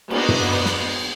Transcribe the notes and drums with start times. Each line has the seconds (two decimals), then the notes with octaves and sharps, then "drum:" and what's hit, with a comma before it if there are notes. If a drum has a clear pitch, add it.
0.10 A#3 B3 D4 F#4 C5 D#5, drum: cymbal
0.29 drum: tom
0.66 drum: snare